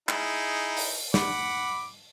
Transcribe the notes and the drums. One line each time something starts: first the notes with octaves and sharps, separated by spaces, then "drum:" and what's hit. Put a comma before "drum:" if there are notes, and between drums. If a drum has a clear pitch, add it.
D#4 E4 G#4, drum: clap
drum: open hi-hat
F#5 B5 D6, drum: snare